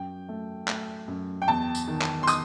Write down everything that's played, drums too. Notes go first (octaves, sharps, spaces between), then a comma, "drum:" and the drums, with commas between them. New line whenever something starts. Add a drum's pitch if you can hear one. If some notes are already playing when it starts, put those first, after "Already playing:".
Already playing: F#2 G5
A3
A3, drum: clap
F#2
G5
E2 A5
drum: tambourine
D#3
drum: clap
C6
D#6, drum: tambourine